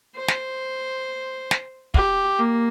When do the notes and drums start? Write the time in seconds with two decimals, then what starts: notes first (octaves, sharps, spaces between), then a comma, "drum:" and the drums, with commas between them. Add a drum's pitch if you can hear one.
0.16 C5
0.28 drum: snare
1.51 drum: snare
1.94 G4, drum: kick
2.39 A#3